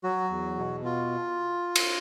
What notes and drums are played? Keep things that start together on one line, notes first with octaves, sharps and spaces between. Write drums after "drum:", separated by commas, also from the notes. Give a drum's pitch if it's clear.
F#3 F#4
E2
B2
F4
drum: cymbal